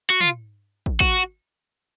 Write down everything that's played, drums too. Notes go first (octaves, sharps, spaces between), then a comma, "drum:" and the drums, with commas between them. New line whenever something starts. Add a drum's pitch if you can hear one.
F#4
F4, drum: tom
drum: kick
F#4, drum: kick